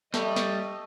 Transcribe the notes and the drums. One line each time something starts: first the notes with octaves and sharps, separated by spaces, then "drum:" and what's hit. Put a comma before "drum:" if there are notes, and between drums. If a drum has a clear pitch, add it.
G3 A3 D#5, drum: snare
drum: snare